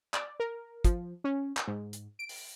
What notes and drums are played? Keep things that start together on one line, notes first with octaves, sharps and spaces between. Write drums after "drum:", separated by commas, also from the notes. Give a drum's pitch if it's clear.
D5, drum: clap
A#4
F3, drum: kick, hi-hat
C#4
drum: clap
G#2
drum: hi-hat
D7
drum: open hi-hat